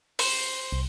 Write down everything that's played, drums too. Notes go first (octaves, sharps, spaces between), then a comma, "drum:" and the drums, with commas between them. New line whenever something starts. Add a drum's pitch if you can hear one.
C5, drum: open hi-hat
C2